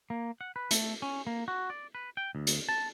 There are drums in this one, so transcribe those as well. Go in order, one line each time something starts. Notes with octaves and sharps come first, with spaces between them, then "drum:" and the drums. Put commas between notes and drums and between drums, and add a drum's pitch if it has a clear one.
A#3
F#5
B4
A3, drum: hi-hat
C#4
A#3
F#4
D5
B4
G5
D2
drum: hi-hat
A5